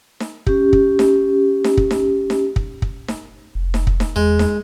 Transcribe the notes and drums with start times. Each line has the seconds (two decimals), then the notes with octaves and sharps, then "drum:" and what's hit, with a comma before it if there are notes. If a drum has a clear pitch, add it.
0.20 drum: snare D#4
0.47 C#4 G4, drum: kick
0.73 drum: kick
0.99 drum: snare D#4
1.64 drum: snare D#4
1.77 drum: kick
1.91 drum: snare D#4
2.30 drum: snare D#4
2.56 drum: kick
2.82 drum: kick
3.08 drum: snare D#4
3.55 F1
3.74 drum: snare D#4
3.87 drum: kick
4.00 drum: snare D#4
4.16 E2 G#3
4.39 drum: snare D#4